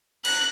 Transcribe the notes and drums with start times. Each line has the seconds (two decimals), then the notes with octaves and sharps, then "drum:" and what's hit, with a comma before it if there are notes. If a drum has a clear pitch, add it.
0.25 F#6, drum: cymbal